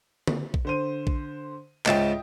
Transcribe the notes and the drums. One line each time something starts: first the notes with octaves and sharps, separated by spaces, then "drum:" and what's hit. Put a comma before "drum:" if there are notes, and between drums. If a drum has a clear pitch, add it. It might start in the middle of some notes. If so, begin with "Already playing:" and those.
drum: tom D3
drum: kick A#1
D3 C5 D#7
drum: kick A#1
C#2 G#2 D#5 E5 G5 A5, drum: clap